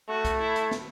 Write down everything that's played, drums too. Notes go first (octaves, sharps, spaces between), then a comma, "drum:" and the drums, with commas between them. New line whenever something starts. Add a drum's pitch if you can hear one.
A3 F#4
drum: kick, hi-hat
E4
drum: hi-hat
drum: snare